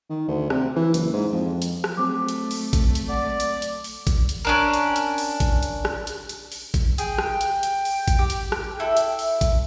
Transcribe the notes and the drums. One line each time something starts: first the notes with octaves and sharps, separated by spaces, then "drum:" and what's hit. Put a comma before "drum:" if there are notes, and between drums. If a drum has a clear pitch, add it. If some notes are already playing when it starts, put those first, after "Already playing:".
D#3
D2
C3, drum: rim click
E3
F#1, drum: hi-hat
G#2
F2
drum: hi-hat
drum: rim click
F#3 A3 C4 D6
drum: hi-hat
drum: open hi-hat
drum: kick A1, hi-hat
drum: hi-hat
D5 F#5
drum: hi-hat
drum: hi-hat
drum: open hi-hat
drum: kick A1, hi-hat
drum: hi-hat
C#4 D4 A#4
drum: hi-hat
drum: hi-hat
drum: open hi-hat
drum: kick A1, hi-hat
drum: hi-hat
drum: rim click
drum: hi-hat
drum: hi-hat
drum: open hi-hat
drum: kick A1, hi-hat
G#4 G5, drum: hi-hat
drum: rim click
drum: hi-hat
drum: hi-hat
drum: open hi-hat
drum: kick A1, hi-hat
G4
drum: hi-hat
drum: rim click
E4 A4 E5
drum: hi-hat
drum: open hi-hat
drum: kick A1, hi-hat